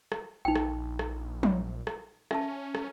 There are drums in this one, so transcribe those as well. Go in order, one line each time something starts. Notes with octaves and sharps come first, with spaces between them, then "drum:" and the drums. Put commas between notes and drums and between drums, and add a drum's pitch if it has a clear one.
drum: rim click
A#1 D#4 G5
drum: rim click
drum: rim click
drum: tom F3
drum: rim click
C#4 E5 A5, drum: rim click
drum: rim click